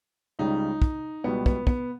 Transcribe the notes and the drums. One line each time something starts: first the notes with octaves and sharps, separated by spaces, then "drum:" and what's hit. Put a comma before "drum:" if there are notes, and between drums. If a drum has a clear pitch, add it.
C#2 C#3 G3 D#4
drum: kick
C#2 B2 G3 B3
B3, drum: kick
B3, drum: kick